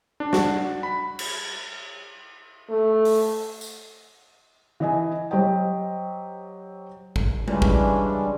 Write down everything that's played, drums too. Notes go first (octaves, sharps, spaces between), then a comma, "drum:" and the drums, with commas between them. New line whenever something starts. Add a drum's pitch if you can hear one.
D4
F#4, drum: snare
B5
drum: cymbal
A3
drum: open hi-hat
drum: tambourine
E3 D#5 G#5
F#3 G4 C5 D#5 G5
drum: kick
C#3 E3 G3 G#3 C#4 D4, drum: tom G#3
drum: kick